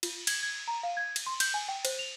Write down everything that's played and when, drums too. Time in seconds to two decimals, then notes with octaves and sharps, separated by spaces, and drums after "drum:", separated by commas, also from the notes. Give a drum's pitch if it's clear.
0.03 F4, drum: cymbal
0.27 G#6, drum: cymbal
0.43 G#6
0.68 A#5
0.83 F5
0.97 G#6
1.16 drum: cymbal
1.26 C6
1.40 G6, drum: cymbal
1.54 G#5
1.68 G5
1.85 C5, drum: cymbal
1.99 F7